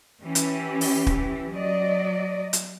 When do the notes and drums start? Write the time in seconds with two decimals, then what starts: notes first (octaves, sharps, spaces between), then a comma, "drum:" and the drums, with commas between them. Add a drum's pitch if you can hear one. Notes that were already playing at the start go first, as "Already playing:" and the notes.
0.23 E3 C#4 G4
0.35 drum: hi-hat
0.81 drum: open hi-hat
1.07 drum: kick
1.52 F#3 D5 D#5
2.53 drum: hi-hat